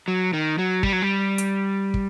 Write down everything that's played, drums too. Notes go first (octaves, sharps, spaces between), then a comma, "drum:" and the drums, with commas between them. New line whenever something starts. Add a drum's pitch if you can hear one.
F#3
D#3
F#3
G3, drum: kick
F#3
G3
drum: hi-hat
drum: kick